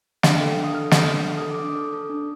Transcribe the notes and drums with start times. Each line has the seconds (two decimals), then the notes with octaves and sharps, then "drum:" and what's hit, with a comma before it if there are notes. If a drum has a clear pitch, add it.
0.23 D4 F5, drum: snare
0.36 A4 G5
0.57 D4
0.64 D#6
0.74 A4 F6
0.91 A4 G6, drum: snare
1.08 D4 F6
1.25 A4 F6
1.38 A4 D#6
1.51 D6
1.59 D4 D#6
1.76 A4
1.93 A4
2.09 D4